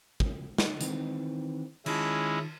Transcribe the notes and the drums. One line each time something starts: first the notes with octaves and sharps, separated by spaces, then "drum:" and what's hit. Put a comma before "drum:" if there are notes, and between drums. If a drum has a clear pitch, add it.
drum: kick
drum: snare
D#3 E3 C4, drum: hi-hat
D#3 G#3 C#4 E4 F4 A5, drum: cymbal